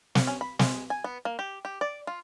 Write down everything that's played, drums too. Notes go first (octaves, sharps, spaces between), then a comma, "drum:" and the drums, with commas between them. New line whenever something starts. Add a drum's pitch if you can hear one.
F#5, drum: snare
C#4
B5
G#3, drum: snare
G#5
B3
A#3
G4
G4
D5
F4